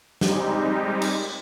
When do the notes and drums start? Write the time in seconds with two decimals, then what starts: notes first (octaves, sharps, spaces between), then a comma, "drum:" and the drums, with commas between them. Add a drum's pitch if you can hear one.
0.21 G3 G#3 C4 D#4 G4, drum: snare
1.02 drum: cymbal